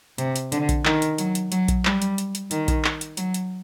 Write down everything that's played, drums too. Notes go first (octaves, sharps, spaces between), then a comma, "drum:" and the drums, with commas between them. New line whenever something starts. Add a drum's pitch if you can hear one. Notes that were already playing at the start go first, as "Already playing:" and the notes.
C3, drum: hi-hat
drum: hi-hat
D3, drum: hi-hat
drum: kick A#1, hi-hat
D#3, drum: clap
drum: hi-hat
F#3, drum: hi-hat
drum: hi-hat
F#3, drum: hi-hat
drum: kick A#1, hi-hat
G3, drum: clap
drum: hi-hat
drum: hi-hat
drum: hi-hat
D#3, drum: hi-hat
drum: kick A#1, hi-hat
drum: clap
drum: hi-hat
F#3, drum: hi-hat
drum: hi-hat